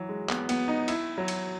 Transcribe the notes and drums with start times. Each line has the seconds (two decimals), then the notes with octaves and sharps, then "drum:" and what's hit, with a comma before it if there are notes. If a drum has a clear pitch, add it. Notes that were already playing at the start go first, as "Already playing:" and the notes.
Already playing: E3 F#3
0.09 G#3
0.29 B3, drum: clap
0.49 B3, drum: cymbal
0.68 D#4
0.88 E4, drum: cymbal
1.18 F#3
1.28 drum: cymbal